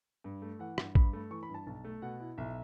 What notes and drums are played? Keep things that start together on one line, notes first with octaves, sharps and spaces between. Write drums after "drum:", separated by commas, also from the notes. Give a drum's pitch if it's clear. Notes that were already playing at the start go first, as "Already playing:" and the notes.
G2
A3
E3 F#5
G2, drum: rim click
G2 B5, drum: kick
A3
E3 C#6
B5
G2
A5
B1 A5
A3
B2 F#5
E4
B1 E5